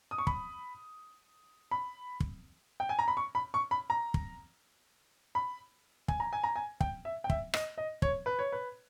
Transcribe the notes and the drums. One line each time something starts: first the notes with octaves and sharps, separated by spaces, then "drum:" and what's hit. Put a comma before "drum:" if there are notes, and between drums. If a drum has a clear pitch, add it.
D#6
C#6
B5, drum: kick
B5
drum: kick
G5
G#5
A#5
B5
C#6
B5
C#6
B5
A#5
drum: kick
B5
G#5, drum: kick
A#5
G#5
A#5
G#5
G5, drum: kick
E5
G5
E5, drum: kick
D#5, drum: rim click
D#5
C#5, drum: kick
B4
C#5
B4